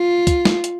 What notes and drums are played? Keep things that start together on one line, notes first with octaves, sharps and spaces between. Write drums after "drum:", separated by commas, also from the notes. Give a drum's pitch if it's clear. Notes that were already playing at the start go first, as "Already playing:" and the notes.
Already playing: F4
drum: kick, hi-hat
drum: snare
drum: hi-hat